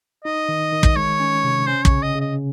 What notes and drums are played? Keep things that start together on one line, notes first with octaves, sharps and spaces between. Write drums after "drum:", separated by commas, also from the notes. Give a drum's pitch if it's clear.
D#4 D#5
D#3
D#3
drum: kick
G#3 C#5
C#4
C3
C#4 C5
C#5, drum: kick
C#3
D#5
C#3
D#5